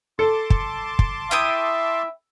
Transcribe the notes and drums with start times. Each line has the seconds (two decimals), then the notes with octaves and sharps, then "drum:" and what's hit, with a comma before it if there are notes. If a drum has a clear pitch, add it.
0.19 A4 A5 C6 D6
0.50 drum: kick
0.99 drum: kick
1.31 E4 E5 G5 D#6